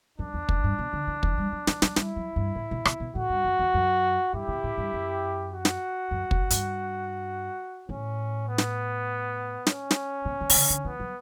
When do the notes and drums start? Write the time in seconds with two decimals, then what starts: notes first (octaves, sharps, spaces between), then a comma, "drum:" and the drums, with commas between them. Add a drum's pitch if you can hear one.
0.18 F#2 D4
0.34 E2
0.49 F#2, drum: kick
0.64 G2
0.79 B2
0.93 D3
1.07 E3
1.23 E3, drum: kick
1.38 G3
1.52 F#3
1.67 E3, drum: snare
1.82 F#3, drum: snare
1.96 G3 E4, drum: snare
2.16 F#3
2.36 G2
2.55 A2
2.71 B2
2.85 B2, drum: rim click
3.00 B2
3.14 A2 F#4
3.30 G2
3.45 F#2
3.59 E2
3.74 F#2
4.33 G2 E4 G4
4.48 B2
4.64 A2
4.78 G2
4.93 F#2
5.52 F#4
5.65 drum: snare
6.11 F#2
6.31 F#2, drum: kick
6.50 G2, drum: hi-hat
7.89 A2 C#4
8.47 B3
8.58 drum: snare
9.67 C#4, drum: snare
9.91 drum: snare
10.25 B2
10.41 B2
10.50 D3, drum: open hi-hat
10.55 C#3
10.70 D3
10.85 E3 B3
11.00 F#3